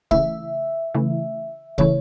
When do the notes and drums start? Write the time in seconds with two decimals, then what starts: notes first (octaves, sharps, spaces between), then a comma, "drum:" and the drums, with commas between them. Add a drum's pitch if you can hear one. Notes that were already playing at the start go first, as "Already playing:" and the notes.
0.11 C#3 E3 A3 E4 E5, drum: kick
0.94 C#3 E3 A3 E4
1.78 C#3 E3 A3 E4 C#5, drum: kick